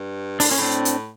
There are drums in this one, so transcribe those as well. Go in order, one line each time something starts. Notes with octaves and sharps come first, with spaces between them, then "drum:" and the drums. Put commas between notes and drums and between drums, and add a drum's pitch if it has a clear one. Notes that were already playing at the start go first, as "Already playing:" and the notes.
Already playing: G2
A2 D4, drum: open hi-hat
A#2 C#4
A2 C4 D4
drum: hi-hat